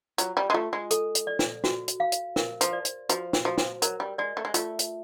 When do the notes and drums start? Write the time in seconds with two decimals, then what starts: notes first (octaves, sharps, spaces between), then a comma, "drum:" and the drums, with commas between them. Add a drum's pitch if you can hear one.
0.18 F#3 F4, drum: hi-hat
0.37 G3
0.50 G#3
0.54 A3 F4
0.73 G#3
0.91 A4, drum: hi-hat
1.15 drum: hi-hat
1.27 D5
1.39 drum: snare
1.64 F#4, drum: snare
1.88 drum: hi-hat
2.00 F5
2.12 drum: hi-hat
2.36 A#4, drum: snare
2.61 F3, drum: hi-hat
2.73 D5
2.85 drum: hi-hat
3.09 F3 F#4, drum: hi-hat
3.33 drum: snare
3.45 F3 F#4
3.58 drum: snare
3.82 F#3 A#4, drum: hi-hat
4.00 G3
4.18 G#3 D5
4.37 A3
4.45 G#3
4.54 A3 F4, drum: hi-hat
4.79 drum: hi-hat